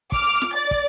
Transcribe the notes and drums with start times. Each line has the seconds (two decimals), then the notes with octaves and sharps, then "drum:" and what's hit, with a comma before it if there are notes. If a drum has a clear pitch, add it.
0.12 D6 F6, drum: kick
0.42 drum: snare
0.53 D5 A6
0.71 drum: kick